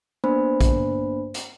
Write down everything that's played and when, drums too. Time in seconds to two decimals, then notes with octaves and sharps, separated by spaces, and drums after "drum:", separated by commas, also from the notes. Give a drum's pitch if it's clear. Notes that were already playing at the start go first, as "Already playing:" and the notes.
0.24 A#3 B3 D4 C5 B5
0.61 drum: kick A#1, hi-hat
1.34 drum: hi-hat